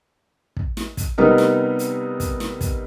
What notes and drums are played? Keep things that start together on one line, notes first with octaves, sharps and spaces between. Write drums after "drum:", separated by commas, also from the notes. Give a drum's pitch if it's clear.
drum: kick
drum: snare
drum: kick, hi-hat
C3 G3 B3 D#4 A#4
drum: snare
drum: hi-hat
drum: kick, hi-hat
drum: snare
drum: kick, hi-hat